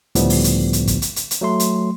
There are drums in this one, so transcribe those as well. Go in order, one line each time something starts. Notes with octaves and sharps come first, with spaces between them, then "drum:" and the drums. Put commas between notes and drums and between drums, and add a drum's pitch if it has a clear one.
C#2 A2 D3 F3 G3 B3, drum: hi-hat
drum: open hi-hat
drum: hi-hat
drum: hi-hat
drum: kick, hi-hat
drum: hi-hat
drum: hi-hat
drum: hi-hat
F#3 A3 C6
drum: hi-hat